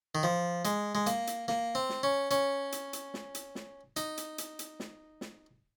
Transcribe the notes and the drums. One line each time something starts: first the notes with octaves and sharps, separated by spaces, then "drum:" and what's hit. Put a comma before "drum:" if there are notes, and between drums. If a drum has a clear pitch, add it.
D#3
F3
G#3, drum: hi-hat
G#3
A#3, drum: hi-hat
drum: hi-hat
A#3, drum: snare
C4
drum: snare
C#4
C#4, drum: hi-hat
drum: hi-hat
drum: hi-hat
drum: snare
drum: hi-hat
drum: snare
D#4, drum: hi-hat
drum: hi-hat
drum: hi-hat
drum: hi-hat
drum: snare
drum: snare